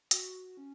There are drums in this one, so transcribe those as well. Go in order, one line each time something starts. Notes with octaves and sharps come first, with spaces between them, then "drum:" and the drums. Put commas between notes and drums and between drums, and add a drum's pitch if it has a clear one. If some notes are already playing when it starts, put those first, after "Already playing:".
F#4, drum: hi-hat
C#4